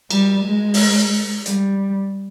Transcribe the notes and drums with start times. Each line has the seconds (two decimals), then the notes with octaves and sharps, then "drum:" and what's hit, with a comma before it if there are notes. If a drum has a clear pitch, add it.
0.11 G3, drum: cymbal
0.44 G#3
0.74 drum: open hi-hat
1.46 G3, drum: hi-hat